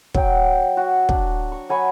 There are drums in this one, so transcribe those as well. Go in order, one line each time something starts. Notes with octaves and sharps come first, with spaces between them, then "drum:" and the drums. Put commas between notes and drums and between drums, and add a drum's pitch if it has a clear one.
F#3 G5, drum: kick
F#4
D4, drum: kick
C#6
F#3 G#5 B5 C#6